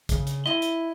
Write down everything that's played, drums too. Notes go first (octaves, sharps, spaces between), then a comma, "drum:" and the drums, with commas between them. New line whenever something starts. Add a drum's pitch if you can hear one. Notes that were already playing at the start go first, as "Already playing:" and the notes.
C#3, drum: kick, hi-hat
drum: hi-hat
E4 D#5, drum: rim click
drum: hi-hat